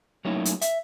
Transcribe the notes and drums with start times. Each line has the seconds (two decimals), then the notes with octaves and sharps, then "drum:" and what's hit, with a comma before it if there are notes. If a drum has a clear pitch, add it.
0.25 F#3 A3 A#3 C#4 D#4 E4
0.45 drum: hi-hat
0.61 E5, drum: hi-hat